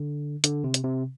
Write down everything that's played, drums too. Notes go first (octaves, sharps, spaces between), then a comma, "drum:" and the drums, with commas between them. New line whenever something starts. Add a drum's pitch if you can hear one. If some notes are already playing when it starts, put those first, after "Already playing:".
Already playing: D3
D3, drum: hi-hat
C3
drum: hi-hat
C3